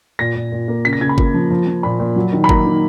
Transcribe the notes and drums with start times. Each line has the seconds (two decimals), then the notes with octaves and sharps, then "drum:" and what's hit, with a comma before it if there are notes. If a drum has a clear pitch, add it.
0.19 A#2 A#6
0.35 A#2
0.52 A#2
0.68 A#3
0.85 C#3 B6
0.93 A#6
1.01 C#3 G#6
1.09 B5
1.18 A#3, drum: kick G1
1.34 F3
1.50 F3
1.67 F3
1.83 A#2 B5
2.00 A#2
2.16 F#3
2.33 D#3
2.44 B5
2.49 A#3 A#5, drum: kick G1
2.66 D#3